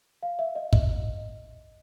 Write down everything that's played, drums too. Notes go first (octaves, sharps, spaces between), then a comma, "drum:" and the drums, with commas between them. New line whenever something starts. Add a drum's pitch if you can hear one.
F5
E5
D#5
D#5, drum: kick